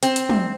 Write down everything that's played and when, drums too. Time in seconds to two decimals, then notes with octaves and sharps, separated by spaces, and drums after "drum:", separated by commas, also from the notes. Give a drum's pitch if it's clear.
0.03 C4, drum: hi-hat
0.16 drum: hi-hat
0.29 drum: tom